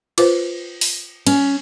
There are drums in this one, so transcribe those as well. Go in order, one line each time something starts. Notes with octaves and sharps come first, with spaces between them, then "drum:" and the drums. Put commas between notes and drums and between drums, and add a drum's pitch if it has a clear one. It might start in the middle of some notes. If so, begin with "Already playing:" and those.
F4 B4 C5, drum: cymbal
drum: open hi-hat
C#4, drum: cymbal